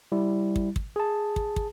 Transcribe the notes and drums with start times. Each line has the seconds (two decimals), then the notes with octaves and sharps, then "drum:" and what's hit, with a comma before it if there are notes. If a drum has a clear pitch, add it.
0.12 G3 E4
0.56 drum: kick
0.76 drum: kick
0.96 G#4 A5
1.36 drum: kick
1.56 drum: kick